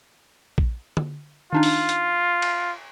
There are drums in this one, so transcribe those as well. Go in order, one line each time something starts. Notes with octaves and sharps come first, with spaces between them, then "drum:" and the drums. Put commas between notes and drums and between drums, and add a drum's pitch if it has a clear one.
drum: kick A#1
drum: tom
D#3 D4 D#4 F4
drum: open hi-hat
drum: hi-hat
drum: cymbal